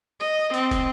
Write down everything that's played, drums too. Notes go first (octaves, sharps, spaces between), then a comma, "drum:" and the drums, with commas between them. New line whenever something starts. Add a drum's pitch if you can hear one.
D#5
C4, drum: hi-hat
drum: kick, hi-hat